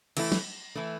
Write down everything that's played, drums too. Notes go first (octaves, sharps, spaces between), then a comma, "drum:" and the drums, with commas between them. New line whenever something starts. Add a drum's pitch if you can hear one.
E3 A3 E4, drum: cymbal
drum: snare
E3 A3 E4